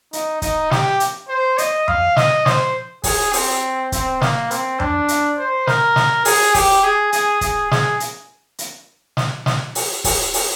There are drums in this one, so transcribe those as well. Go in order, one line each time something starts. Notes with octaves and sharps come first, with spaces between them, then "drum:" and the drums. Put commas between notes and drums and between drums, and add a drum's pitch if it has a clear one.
D#4, drum: hi-hat
D#4, drum: kick, hi-hat
G4, drum: snare
drum: hi-hat
C5
D#5, drum: hi-hat
F5, drum: tom F2
D#5, drum: snare
C5, drum: snare
G#4, drum: kick, open hi-hat
C4, drum: open hi-hat
C4, drum: kick, hi-hat
A#3, drum: snare
C4, drum: hi-hat
D4, drum: tom F2
drum: hi-hat
C5
A#4, drum: snare
drum: snare
G#4, drum: open hi-hat
G4, drum: kick, open hi-hat
G#4
G#4, drum: hi-hat
G#4, drum: kick, hi-hat
G#4, drum: snare
drum: hi-hat
drum: hi-hat
drum: snare
drum: snare
drum: open hi-hat
drum: kick, open hi-hat
drum: open hi-hat